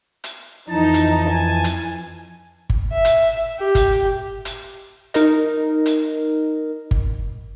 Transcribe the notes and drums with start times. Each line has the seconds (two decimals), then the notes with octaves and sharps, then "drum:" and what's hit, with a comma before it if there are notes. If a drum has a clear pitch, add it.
0.24 drum: hi-hat
0.70 F2 E3 D#4 A5
0.94 drum: hi-hat
1.29 G#5
1.64 drum: hi-hat
2.70 drum: kick G1
2.93 E5
3.05 drum: hi-hat
3.60 G4
3.75 drum: kick G1, hi-hat
4.45 drum: hi-hat
5.14 D#4 A#4 D#5, drum: hi-hat
5.86 drum: hi-hat
6.91 drum: kick G1